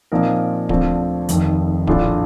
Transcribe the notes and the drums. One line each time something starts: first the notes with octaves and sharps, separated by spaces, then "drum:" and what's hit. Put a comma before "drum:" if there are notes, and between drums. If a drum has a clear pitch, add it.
A#2 F3 C4 D#4 A#4
D2 D3 F3 C4, drum: kick D1
F1 F2 D#3, drum: hi-hat
A#1 A2 A3 D4 F4, drum: kick D1